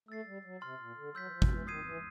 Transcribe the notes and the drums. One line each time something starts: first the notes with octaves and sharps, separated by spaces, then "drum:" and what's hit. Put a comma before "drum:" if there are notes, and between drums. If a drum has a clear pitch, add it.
A3 E6 A6 C7
G3
F#3
C3 C6 F6 A6
A#2
D3
F#3 C6 E6 G6 B6
E3
F3
D#3, drum: kick
E3
D#3 D#6 G#6 C7 D#7
E3